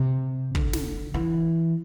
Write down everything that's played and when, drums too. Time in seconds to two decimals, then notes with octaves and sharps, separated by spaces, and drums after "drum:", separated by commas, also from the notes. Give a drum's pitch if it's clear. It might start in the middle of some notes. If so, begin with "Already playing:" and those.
Already playing: C3
0.55 D3, drum: kick
0.73 drum: snare
1.14 E3